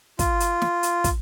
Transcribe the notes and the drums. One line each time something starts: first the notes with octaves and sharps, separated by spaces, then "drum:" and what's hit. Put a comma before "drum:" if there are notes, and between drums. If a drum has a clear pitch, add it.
F4, drum: kick, hi-hat
drum: hi-hat
drum: snare
drum: hi-hat
drum: kick, hi-hat